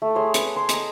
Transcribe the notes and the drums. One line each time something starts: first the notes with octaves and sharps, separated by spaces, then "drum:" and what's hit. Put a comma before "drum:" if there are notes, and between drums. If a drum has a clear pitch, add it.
A3
G#4 C#5 C6
B4, drum: hi-hat
G#5 C6
D#5 A#5, drum: hi-hat